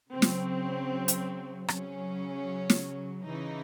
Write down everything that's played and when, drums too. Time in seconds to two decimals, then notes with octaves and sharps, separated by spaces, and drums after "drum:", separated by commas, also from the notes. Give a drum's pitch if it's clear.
0.12 C#3 F#3 C4
0.22 drum: snare
1.08 drum: hi-hat
1.68 C#3 F#3 C#4, drum: rim click
2.70 drum: snare
3.25 C#3 E3 D#4